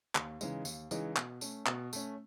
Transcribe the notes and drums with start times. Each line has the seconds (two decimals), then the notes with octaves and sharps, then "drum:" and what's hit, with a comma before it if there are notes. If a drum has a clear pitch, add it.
0.15 D#2, drum: clap
0.41 C#3 E3 G#3 D#4, drum: tambourine
0.65 D#2, drum: tambourine
0.91 C#3 E3 G#3 D#4, drum: tambourine
1.16 B2, drum: clap
1.41 A3 C#4, drum: tambourine
1.66 B2, drum: clap
1.93 A3 C#4, drum: tambourine